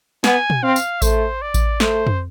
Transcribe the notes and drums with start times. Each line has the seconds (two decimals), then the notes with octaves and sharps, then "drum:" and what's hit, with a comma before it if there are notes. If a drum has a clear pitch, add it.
0.24 B3 G#5, drum: snare
0.50 drum: tom
0.63 C4 F5
0.76 drum: tambourine
1.02 A3 C5, drum: kick A1, tambourine
1.42 D5
1.54 drum: kick A1, tambourine
1.80 A3 C5, drum: snare
2.07 drum: tom F2